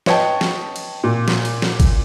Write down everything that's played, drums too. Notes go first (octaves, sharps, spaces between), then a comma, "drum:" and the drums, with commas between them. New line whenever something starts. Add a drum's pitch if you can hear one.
B4 C#5 D#5 G5 A5, drum: snare
drum: snare
drum: cymbal
A#2
drum: snare
drum: cymbal
drum: snare
drum: kick, cymbal